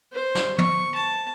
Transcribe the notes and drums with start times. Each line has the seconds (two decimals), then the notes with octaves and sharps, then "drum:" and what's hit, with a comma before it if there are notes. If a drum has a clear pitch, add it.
0.13 C5
0.35 drum: snare
0.58 C#6, drum: tom
0.95 A5